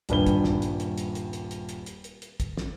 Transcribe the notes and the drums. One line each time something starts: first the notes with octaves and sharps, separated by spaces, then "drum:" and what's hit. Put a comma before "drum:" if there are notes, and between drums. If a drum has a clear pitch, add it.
D#1 G2 B4 G7, drum: hi-hat
drum: kick, hi-hat
drum: snare
drum: hi-hat
drum: hi-hat
drum: hi-hat
drum: hi-hat
drum: hi-hat
drum: hi-hat
drum: hi-hat
drum: hi-hat
drum: hi-hat
drum: hi-hat
drum: kick, hi-hat
drum: snare